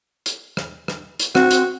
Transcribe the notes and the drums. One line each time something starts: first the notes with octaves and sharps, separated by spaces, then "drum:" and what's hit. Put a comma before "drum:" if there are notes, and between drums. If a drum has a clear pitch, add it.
drum: hi-hat
drum: rim click
drum: rim click
drum: hi-hat
C4 F#4, drum: rim click
drum: hi-hat